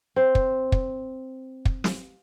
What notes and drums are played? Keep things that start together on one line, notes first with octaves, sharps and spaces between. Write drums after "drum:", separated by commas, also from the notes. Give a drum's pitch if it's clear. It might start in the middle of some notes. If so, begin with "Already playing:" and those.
C4 C5
drum: kick
drum: kick
drum: kick
drum: snare